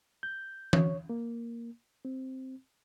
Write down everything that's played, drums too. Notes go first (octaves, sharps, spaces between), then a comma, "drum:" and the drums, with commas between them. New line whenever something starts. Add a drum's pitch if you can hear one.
G6
C#5, drum: tom E3
A#3
C4